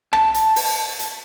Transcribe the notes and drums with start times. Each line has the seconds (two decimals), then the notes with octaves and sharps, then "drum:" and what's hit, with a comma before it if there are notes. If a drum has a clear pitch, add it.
0.13 A5, drum: rim click
0.34 drum: hi-hat
0.56 drum: open hi-hat
0.99 drum: hi-hat